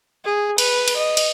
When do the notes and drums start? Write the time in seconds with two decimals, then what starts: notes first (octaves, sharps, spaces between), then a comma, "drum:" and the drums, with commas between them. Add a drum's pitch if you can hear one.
0.24 G#4
0.58 B4, drum: cymbal
0.88 drum: cymbal
0.97 D#5
1.17 drum: cymbal